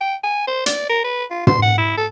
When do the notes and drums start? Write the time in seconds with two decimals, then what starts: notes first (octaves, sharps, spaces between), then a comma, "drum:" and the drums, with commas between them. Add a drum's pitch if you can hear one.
0.01 G5
0.24 G#5
0.47 C5
0.66 D5, drum: hi-hat
0.89 A#4
1.04 B4
1.31 F4
1.47 C6, drum: tom
1.62 F#5
1.78 E4
1.97 A4